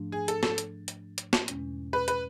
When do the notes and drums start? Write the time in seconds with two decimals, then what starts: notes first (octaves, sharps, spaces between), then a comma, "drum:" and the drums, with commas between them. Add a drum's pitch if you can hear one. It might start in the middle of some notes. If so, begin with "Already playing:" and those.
Already playing: G#2 F3 A3 D4
0.12 G#4
0.28 A4, drum: hi-hat
0.43 A4, drum: snare
0.58 drum: hi-hat
0.88 drum: hi-hat
1.18 drum: hi-hat
1.33 drum: snare
1.48 E2 B2 G#3 C#4, drum: hi-hat
1.93 B4
2.08 B4, drum: hi-hat